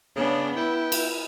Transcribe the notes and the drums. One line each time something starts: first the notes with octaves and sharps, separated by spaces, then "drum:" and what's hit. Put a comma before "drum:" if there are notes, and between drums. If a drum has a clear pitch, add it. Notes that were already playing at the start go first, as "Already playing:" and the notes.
C#3 B3 D4
B3 E4 B4 G5
drum: cymbal